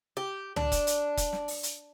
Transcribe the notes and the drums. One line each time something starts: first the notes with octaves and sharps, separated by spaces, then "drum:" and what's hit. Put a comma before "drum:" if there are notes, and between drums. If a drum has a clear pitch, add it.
G4
D4, drum: tom
drum: kick, hi-hat
drum: hi-hat
drum: kick, hi-hat
drum: snare
drum: open hi-hat
drum: hi-hat